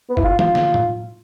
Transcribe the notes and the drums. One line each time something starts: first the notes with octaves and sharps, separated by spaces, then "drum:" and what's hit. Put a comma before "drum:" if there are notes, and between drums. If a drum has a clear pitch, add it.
B3
E4, drum: kick F#1
F4
F4, drum: tom
drum: snare
drum: tom A2